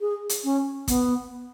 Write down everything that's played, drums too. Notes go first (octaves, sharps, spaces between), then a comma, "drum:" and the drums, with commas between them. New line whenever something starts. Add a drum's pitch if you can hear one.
G#4
drum: hi-hat
C#4
B3, drum: kick, hi-hat